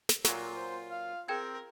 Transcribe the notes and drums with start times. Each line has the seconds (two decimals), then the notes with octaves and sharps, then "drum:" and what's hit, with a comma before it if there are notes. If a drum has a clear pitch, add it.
0.09 drum: snare
0.25 A#2 F#3 F4, drum: snare
0.56 C5
0.91 F5
1.28 C4 G#4 A#4 G5 G#6